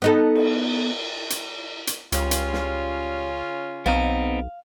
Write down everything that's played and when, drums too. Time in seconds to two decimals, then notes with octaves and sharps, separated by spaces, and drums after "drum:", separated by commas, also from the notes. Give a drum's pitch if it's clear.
0.02 B3 D#4 A4
0.35 drum: cymbal
1.30 drum: hi-hat
1.87 drum: hi-hat
2.12 C#2 A#2 C#3 G3 C#4 F4, drum: hi-hat
2.31 drum: hi-hat
2.53 drum: snare
3.86 B1 B3 C4 D#4 F5